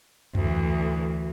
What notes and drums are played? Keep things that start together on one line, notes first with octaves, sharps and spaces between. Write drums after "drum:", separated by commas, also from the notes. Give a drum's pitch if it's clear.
D2 E3, drum: tom F2